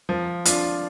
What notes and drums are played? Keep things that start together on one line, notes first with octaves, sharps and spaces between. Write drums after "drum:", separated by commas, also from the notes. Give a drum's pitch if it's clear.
F3
D4 F4, drum: hi-hat